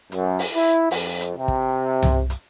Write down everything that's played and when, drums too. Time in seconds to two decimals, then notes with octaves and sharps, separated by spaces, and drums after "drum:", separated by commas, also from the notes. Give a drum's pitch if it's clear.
0.12 F#2, drum: hi-hat
0.39 drum: open hi-hat
0.54 E4
0.91 F2, drum: open hi-hat
1.21 drum: hi-hat
1.36 C3
1.48 drum: kick
2.03 drum: tom C2
2.30 drum: hi-hat